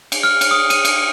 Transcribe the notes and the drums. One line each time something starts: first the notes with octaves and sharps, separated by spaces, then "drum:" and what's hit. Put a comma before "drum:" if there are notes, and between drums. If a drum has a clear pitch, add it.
drum: cymbal
F6
drum: cymbal
D#6
D#7, drum: cymbal
drum: cymbal